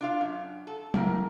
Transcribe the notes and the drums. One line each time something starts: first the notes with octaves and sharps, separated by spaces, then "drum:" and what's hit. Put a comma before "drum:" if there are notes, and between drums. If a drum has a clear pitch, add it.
D4 F4 F5
F#2
A4
E2 C#3 A#4, drum: tom F#3